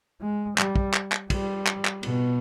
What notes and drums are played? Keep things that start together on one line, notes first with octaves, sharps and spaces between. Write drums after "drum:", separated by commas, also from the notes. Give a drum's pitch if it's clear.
G#3
G3, drum: clap
drum: kick
drum: clap
drum: clap
G3, drum: kick, cymbal
drum: clap
drum: clap
B2, drum: cymbal